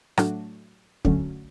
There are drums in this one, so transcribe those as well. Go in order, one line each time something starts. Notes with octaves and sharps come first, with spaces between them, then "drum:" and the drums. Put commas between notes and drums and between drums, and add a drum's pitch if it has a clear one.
A2 F#3 A3 D4 F#4, drum: rim click
D3 F#3 A3 C#4, drum: kick